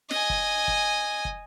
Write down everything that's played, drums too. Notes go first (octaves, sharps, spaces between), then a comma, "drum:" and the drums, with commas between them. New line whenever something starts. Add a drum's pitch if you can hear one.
D#5 G#5, drum: snare
drum: kick
drum: kick
drum: kick